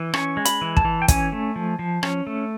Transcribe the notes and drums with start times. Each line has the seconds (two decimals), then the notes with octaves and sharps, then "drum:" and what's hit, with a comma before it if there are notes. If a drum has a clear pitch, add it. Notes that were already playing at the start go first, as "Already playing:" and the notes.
Already playing: E3
0.14 C#4 C#6, drum: rim click
0.37 G#3
0.45 B5, drum: hi-hat
0.61 E3
0.77 A5, drum: kick
0.85 E3
1.02 G5
1.08 C#4 G#5, drum: kick, hi-hat
1.32 A3
1.56 F3
1.79 F3
2.03 C#4, drum: rim click
2.27 A3